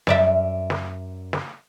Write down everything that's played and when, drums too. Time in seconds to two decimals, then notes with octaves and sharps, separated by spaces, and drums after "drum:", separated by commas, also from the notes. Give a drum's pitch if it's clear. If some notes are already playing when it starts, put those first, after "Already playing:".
0.07 F#2 D5 E5, drum: snare
0.70 drum: snare
1.33 drum: snare